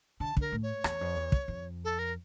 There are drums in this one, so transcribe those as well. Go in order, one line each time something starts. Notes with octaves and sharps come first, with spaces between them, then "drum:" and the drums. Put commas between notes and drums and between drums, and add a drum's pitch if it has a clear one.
D3 A5
D3 A#4, drum: kick
A2
C#5
E2, drum: rim click
F2
E2
drum: kick
F2
A4
A#4